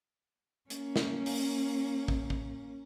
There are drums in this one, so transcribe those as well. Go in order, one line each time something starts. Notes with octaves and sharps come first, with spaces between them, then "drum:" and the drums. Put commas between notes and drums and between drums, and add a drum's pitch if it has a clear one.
A#3 C#4, drum: hi-hat
drum: snare
drum: open hi-hat
drum: kick
drum: kick